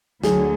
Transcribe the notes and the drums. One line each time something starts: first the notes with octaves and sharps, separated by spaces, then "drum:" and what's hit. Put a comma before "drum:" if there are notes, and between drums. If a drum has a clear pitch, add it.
D2 D3 F#3 G#4, drum: snare